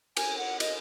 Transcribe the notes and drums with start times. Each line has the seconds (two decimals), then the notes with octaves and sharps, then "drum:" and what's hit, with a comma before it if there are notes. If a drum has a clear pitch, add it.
0.17 G#5, drum: cymbal
0.38 F#5
0.60 D#5, drum: cymbal